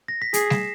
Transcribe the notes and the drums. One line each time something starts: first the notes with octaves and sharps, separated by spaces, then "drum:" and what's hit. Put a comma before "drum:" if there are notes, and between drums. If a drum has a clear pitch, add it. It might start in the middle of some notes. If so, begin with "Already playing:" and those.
A#6
B6
G#4 C7, drum: hi-hat
E7, drum: snare